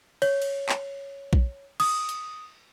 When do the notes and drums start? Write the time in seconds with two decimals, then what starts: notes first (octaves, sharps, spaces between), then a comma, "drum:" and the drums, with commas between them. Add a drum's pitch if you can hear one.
0.22 C#5, drum: cymbal
0.42 drum: cymbal
0.69 drum: clap
1.33 drum: kick A#1
1.80 D#6, drum: cymbal
2.09 drum: hi-hat